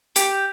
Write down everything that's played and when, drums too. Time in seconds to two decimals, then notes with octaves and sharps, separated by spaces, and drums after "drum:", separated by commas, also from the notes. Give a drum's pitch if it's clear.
0.16 G4, drum: hi-hat